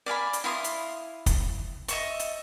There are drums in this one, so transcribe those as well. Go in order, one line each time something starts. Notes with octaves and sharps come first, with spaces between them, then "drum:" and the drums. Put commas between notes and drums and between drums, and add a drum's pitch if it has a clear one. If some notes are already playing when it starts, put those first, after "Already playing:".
D5 F5 G#5 B5
drum: hi-hat
E4 F5 C6 D#6
drum: hi-hat
drum: kick, hi-hat
D#5 E5 C#6, drum: hi-hat
drum: hi-hat